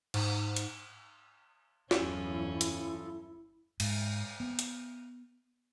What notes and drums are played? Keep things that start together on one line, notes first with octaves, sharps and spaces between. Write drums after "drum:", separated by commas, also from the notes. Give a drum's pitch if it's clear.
G#2, drum: cymbal
drum: hi-hat
G1 E2 F#3 C#4 E4 F4 A4 F5, drum: snare
drum: hi-hat
G#2, drum: cymbal
B3
drum: hi-hat